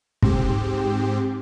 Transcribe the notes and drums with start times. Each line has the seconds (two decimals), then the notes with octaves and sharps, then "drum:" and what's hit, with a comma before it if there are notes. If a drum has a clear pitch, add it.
0.22 G#2 C4 G4, drum: kick